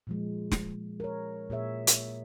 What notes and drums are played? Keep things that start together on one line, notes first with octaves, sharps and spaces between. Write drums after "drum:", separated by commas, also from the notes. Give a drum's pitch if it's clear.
A#2 F3 G#3
drum: snare
A#4 C#5
A#2 G#4 C#5 E5
drum: hi-hat